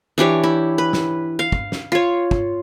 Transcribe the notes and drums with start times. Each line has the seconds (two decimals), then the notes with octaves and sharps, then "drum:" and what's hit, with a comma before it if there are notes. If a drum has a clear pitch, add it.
0.18 E3 D4 G4 C#5
0.44 E4
0.78 B4
0.93 drum: snare
1.39 F5
1.52 drum: kick
1.72 drum: snare
1.92 F4 C#5
2.31 drum: kick